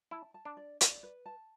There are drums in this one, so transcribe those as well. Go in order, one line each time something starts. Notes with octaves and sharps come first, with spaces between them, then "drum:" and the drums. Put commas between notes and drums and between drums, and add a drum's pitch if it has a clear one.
E4 A5
A5
D4
D5
D5, drum: hi-hat
B4
A5